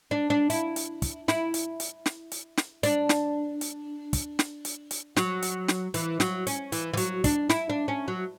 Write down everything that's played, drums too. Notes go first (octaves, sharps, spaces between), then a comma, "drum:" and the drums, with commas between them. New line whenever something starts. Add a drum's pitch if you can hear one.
D4
D4
E4, drum: hi-hat
drum: hi-hat
drum: kick, hi-hat
E4, drum: snare
drum: hi-hat
drum: hi-hat
drum: snare
drum: hi-hat
drum: snare
D4, drum: hi-hat
drum: snare
drum: hi-hat
drum: kick, hi-hat
drum: snare
drum: hi-hat
drum: hi-hat
F#3, drum: snare
drum: hi-hat
drum: snare
E3, drum: hi-hat
F#3, drum: snare
C#4, drum: hi-hat
E3, drum: hi-hat
E3
F#3, drum: hi-hat
D4, drum: kick, hi-hat
E4, drum: snare
D4
C#4
F#3